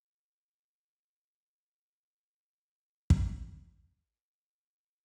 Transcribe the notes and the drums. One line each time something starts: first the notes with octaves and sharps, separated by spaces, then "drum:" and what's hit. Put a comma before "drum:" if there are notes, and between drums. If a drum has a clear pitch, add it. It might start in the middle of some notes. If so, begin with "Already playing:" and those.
D#3
C#3
A2
C2
A1
C4
A2
D#2
F1
drum: kick
A3
G4
D4
F#3
D#5
G4